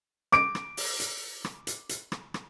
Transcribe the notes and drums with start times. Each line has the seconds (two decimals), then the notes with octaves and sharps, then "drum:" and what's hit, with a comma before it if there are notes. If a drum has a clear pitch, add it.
0.32 D6 D7, drum: rim click
0.55 drum: rim click
0.77 drum: open hi-hat
1.00 drum: hi-hat
1.44 drum: rim click
1.67 drum: hi-hat
1.89 drum: hi-hat
2.12 drum: rim click
2.34 drum: rim click